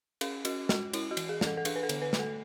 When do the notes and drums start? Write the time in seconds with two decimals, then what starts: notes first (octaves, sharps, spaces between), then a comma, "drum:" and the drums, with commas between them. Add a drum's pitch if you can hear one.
0.21 C#4 G#4, drum: cymbal
0.45 C#4 F#4, drum: cymbal
0.69 G#3 F#4, drum: snare
0.93 C#4 E4, drum: cymbal
1.11 F#4
1.17 E3, drum: cymbal
1.29 G#4
1.41 E3, drum: snare
1.47 A4
1.57 A4
1.65 D4 G#4, drum: cymbal
1.76 B4
1.83 A4
1.89 D3, drum: cymbal
2.02 B4
2.13 A3, drum: snare
2.19 A4